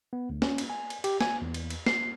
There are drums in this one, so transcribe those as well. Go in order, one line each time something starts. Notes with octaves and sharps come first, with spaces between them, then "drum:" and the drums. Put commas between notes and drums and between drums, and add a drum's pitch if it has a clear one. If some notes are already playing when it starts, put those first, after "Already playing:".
B3
D2
C#4, drum: snare
drum: cymbal
G#5
drum: cymbal
G4, drum: cymbal
G#5, drum: snare
E2
drum: cymbal
drum: cymbal
C7, drum: snare